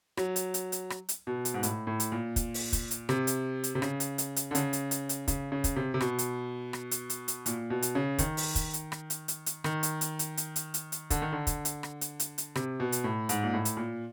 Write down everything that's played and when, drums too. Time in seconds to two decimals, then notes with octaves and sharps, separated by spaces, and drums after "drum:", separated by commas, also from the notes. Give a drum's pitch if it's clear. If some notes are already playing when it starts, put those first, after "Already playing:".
0.17 F#3, drum: rim click
0.36 drum: hi-hat
0.54 drum: hi-hat
0.72 drum: hi-hat
0.90 drum: rim click
1.09 drum: hi-hat
1.27 B2
1.45 drum: hi-hat
1.54 G#2
1.63 A2, drum: hi-hat
1.87 A2
2.00 drum: hi-hat
2.12 A#2
2.36 drum: kick, hi-hat
2.54 drum: open hi-hat
2.72 drum: kick, hi-hat
2.91 drum: hi-hat
3.09 C3, drum: rim click
3.27 drum: hi-hat
3.64 drum: hi-hat
3.75 C3
3.82 C#3, drum: rim click
4.00 drum: hi-hat
4.18 drum: hi-hat
4.36 drum: hi-hat
4.51 D3
4.55 C#3, drum: hi-hat
4.73 drum: hi-hat
4.91 drum: hi-hat
5.09 drum: hi-hat
5.28 C#3, drum: kick, hi-hat
5.52 C#3
5.64 drum: kick, hi-hat
5.76 C3
5.94 C3
6.01 B2, drum: rim click
6.19 drum: hi-hat
6.73 drum: rim click
6.91 drum: hi-hat
7.10 drum: hi-hat
7.28 drum: hi-hat
7.46 A#2, drum: hi-hat
7.70 B2
7.82 drum: hi-hat
7.95 C#3
8.18 D#3, drum: kick, hi-hat
8.37 drum: open hi-hat
8.55 drum: kick, hi-hat
8.74 drum: hi-hat
8.92 drum: rim click
9.10 drum: hi-hat
9.28 drum: hi-hat
9.46 drum: hi-hat
9.64 D#3, drum: rim click
9.83 drum: hi-hat
10.01 drum: hi-hat
10.19 drum: hi-hat
10.37 drum: hi-hat
10.56 drum: hi-hat
10.74 drum: hi-hat
10.92 drum: hi-hat
11.10 D3, drum: kick, hi-hat
11.22 D#3
11.32 D3
11.47 drum: kick, hi-hat
11.65 drum: hi-hat
11.83 drum: rim click
12.01 drum: hi-hat
12.20 drum: hi-hat
12.38 drum: hi-hat
12.55 C3, drum: rim click
12.80 B2
12.92 drum: hi-hat
13.04 A2
13.29 G#2, drum: hi-hat
13.43 A#2
13.53 A2
13.65 drum: hi-hat
13.77 A#2